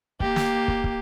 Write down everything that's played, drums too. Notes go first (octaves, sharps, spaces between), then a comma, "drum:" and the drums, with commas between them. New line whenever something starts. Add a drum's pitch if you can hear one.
A#3 G4, drum: kick
drum: snare
drum: kick
drum: kick